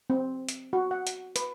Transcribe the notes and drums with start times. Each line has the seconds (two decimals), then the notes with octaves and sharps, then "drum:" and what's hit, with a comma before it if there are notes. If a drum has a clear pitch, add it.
0.10 C4
0.49 drum: hi-hat
0.73 F#4
0.91 F#5
1.07 drum: hi-hat
1.36 B4, drum: hi-hat